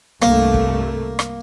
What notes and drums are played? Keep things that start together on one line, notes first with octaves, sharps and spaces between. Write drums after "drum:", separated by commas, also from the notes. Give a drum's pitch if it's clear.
C2 G2 A3 A#3, drum: rim click
drum: kick
drum: rim click